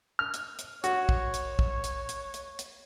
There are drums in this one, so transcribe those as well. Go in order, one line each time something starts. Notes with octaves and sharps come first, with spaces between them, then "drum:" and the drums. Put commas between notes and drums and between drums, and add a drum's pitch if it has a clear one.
F6
drum: hi-hat
drum: hi-hat
F#4 C#5, drum: hi-hat
drum: kick
drum: hi-hat
drum: kick
drum: hi-hat
drum: hi-hat
drum: hi-hat
drum: hi-hat